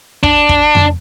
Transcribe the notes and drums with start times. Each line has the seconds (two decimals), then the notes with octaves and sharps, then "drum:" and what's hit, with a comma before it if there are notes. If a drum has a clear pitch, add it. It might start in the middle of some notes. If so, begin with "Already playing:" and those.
0.23 D4, drum: kick
0.49 drum: kick
0.75 drum: tom F2